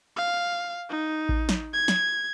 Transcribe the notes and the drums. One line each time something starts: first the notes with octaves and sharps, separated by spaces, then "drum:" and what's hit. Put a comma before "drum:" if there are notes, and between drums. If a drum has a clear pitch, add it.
F5
D#4
drum: kick A1
drum: snare
G#6
drum: snare